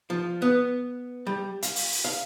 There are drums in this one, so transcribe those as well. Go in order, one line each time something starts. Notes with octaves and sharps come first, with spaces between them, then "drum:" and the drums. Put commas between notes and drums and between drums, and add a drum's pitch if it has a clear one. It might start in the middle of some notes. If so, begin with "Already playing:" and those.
F3
B3
G3
F5, drum: hi-hat
drum: open hi-hat
drum: open hi-hat
F5